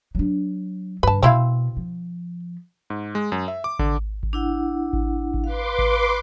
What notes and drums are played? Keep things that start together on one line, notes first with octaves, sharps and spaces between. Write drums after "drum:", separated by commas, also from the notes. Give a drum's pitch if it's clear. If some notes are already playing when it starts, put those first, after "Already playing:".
F#3 D4
G2 D3 B4 A5
B2 C4 E4 F5
F3
G#2
G#3
F#2
E5
D6
D3, drum: kick G#1
drum: kick G#1
D4 E4 F#5
drum: kick G#1
drum: kick G#1
B4 F5 C6 D6
drum: kick G#1